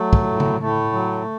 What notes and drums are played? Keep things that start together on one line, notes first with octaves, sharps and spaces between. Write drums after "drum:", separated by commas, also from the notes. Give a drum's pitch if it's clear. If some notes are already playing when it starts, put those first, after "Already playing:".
Already playing: F#3 A3
drum: kick
A2
drum: tom C#3
A2 A3
F#3